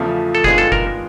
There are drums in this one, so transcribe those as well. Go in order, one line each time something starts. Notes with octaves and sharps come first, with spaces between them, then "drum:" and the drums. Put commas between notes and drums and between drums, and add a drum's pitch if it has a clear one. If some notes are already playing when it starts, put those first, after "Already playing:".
Already playing: E2 C#3 F3 A3
A4
D#3 G#3 B3 D4 F4 G#4, drum: kick F#1
A4
A#4, drum: kick F#1